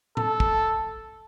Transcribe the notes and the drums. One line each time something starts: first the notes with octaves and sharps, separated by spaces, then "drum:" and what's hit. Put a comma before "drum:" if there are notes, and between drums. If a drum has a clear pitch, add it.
A4, drum: tom A2
drum: kick